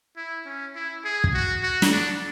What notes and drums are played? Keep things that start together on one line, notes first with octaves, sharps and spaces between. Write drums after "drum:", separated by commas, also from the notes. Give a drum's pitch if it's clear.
E4
C#4
E4
G#4
drum: kick
F#4
F#4
drum: snare
D4